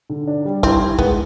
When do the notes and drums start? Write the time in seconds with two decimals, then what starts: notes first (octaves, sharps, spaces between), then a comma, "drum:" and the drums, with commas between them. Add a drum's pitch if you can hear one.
0.10 D3
0.27 D4
0.45 G3
0.63 C4 E4, drum: kick
0.80 E4
0.99 G#3 B3, drum: kick